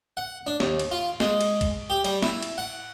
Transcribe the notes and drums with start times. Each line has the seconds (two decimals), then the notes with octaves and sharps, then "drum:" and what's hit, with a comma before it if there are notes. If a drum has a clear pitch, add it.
0.17 F#5
0.47 D4
0.60 D#2, drum: snare
0.79 drum: cymbal
0.91 F4
1.20 G#3, drum: snare
1.41 drum: cymbal
1.61 drum: kick, cymbal
1.90 G4
2.05 G3, drum: cymbal
2.22 E4, drum: snare
2.42 drum: cymbal
2.58 F#5